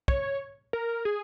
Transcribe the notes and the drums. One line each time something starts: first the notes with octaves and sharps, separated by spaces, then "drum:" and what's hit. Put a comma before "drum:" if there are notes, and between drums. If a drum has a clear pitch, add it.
C#5, drum: kick
A#4
G#4